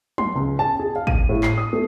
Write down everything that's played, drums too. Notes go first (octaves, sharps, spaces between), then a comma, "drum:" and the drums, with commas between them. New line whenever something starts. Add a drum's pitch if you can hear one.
C6, drum: tom
C#2
A5
G#4
F5
D#7, drum: kick
A2
C7, drum: clap
D#6
A3